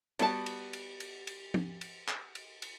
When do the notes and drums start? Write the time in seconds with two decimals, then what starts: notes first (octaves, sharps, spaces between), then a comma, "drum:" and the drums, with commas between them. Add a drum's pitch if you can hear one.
0.19 G3 B3 F#4 B4 A5, drum: cymbal
0.46 drum: cymbal
0.73 drum: cymbal
1.00 drum: cymbal
1.27 drum: cymbal
1.54 drum: tom
1.81 drum: cymbal
2.08 drum: clap
2.35 drum: cymbal
2.62 drum: cymbal